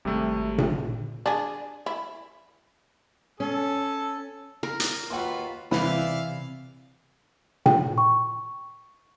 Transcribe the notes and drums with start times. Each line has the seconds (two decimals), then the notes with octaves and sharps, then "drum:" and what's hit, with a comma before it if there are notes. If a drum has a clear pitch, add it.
0.05 G#1 C3 G3 A3
0.58 drum: tom A#2
0.72 D3
1.26 D4 G#4
1.86 E4
3.40 C#4 A4
4.63 A#4
4.80 drum: hi-hat
5.10 D#2 F4 F#4 B4 G5 C6
5.71 C3 E3 D5 E5 F5 B5, drum: snare
7.66 G5, drum: tom A#2
7.98 C#6